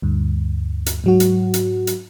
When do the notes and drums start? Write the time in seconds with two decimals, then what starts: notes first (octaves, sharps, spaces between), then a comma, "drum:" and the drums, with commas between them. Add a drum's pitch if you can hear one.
0.02 D2 G2
0.86 drum: hi-hat
1.04 G#2 F#3 F#4
1.20 drum: hi-hat
1.54 drum: hi-hat
1.87 drum: hi-hat